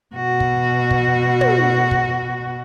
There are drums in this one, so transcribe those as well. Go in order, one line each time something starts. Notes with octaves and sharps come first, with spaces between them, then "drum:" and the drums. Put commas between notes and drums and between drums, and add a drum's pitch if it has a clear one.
B2 F#4
drum: kick
drum: kick
drum: tom
drum: kick